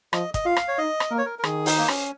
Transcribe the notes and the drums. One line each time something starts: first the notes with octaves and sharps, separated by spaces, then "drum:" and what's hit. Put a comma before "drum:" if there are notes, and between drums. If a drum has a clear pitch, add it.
F3 D#5, drum: rim click
D#5, drum: kick, hi-hat
F4 F5
drum: rim click
C#5
D#4 D#5
drum: rim click
A#3 A#4
C#5
A#4
A#4
D#3 G#4, drum: rim click
D#4, drum: open hi-hat
A#3
C#4, drum: rim click